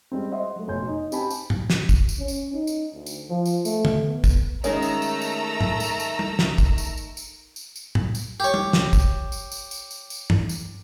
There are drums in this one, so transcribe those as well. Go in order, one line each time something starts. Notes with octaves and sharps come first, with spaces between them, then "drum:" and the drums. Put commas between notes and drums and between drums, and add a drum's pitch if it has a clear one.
G3 G#3 C4
C5 D#5 E5 F#5 C6
F#3 A3
F1 B2 C#5 G#5 C6 G6
D#4
C4 G4 G#5 A5 B5, drum: tambourine
drum: tambourine
drum: tom A2
drum: snare
drum: kick, tambourine
drum: tambourine
C#4
drum: tambourine
D#4
drum: tambourine
D2
drum: tambourine
F3
drum: tambourine
A3, drum: tambourine
drum: tom
B3
drum: kick, tambourine
D#3 G#3 A3 C#4 C#5 A#5 E6, drum: tambourine
drum: tambourine
drum: tambourine
drum: tambourine
drum: tom A2
drum: tambourine
drum: tambourine
drum: tom
drum: snare
drum: kick, tambourine
drum: tambourine
drum: tambourine
drum: tambourine
drum: tambourine
drum: tambourine
drum: tom A2
drum: tambourine
G4 C#5
drum: tom
drum: snare
drum: kick, tambourine
drum: tambourine
drum: tambourine
drum: tambourine
drum: tambourine
drum: tambourine
drum: tom
drum: tambourine